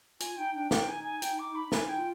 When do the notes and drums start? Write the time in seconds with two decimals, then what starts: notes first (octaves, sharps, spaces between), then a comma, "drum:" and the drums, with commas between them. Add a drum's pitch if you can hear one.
0.20 F4 G#5, drum: hi-hat
0.37 D#4 G5
0.55 D4 G5
0.71 D#4 G5, drum: snare
0.88 G#5
1.04 G#5
1.22 G5, drum: hi-hat
1.39 D6
1.55 B5
1.72 D#4 G#5, drum: snare
1.89 G5
1.97 F4